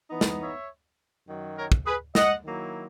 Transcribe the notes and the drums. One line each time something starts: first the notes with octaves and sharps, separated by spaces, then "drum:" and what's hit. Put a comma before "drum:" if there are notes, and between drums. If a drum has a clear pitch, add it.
E3 B3 D#4
drum: snare
C#5 E5
F#2 D#3 F#3
A#4 C#5
drum: kick
G#4 B4
D#5 F#5, drum: snare
D#3 F#3 A#3 E4